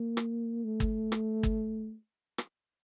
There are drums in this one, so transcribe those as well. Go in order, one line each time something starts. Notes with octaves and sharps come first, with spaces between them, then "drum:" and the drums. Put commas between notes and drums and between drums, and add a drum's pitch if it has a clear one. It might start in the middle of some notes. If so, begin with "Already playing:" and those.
Already playing: A#3
drum: rim click
A3
drum: kick G1
drum: rim click
drum: kick G1
drum: rim click